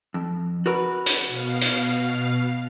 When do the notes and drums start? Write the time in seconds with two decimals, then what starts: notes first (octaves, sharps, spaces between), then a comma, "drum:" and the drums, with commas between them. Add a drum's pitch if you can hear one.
0.14 F2
0.66 F#4 A#4 B4
1.06 drum: hi-hat
1.27 B2 F5
1.61 drum: hi-hat